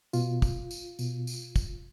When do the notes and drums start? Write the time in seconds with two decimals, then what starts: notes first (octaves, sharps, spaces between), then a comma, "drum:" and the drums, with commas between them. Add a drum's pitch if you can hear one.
0.13 B2 F4, drum: tambourine
0.42 drum: kick, tambourine
0.71 drum: tambourine
0.99 B2, drum: tambourine
1.27 drum: tambourine
1.56 drum: kick, tambourine